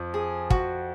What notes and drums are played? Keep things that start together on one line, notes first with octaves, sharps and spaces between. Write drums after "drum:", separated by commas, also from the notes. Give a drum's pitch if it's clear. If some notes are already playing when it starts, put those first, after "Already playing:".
Already playing: F2 F3
G#4
F#4, drum: kick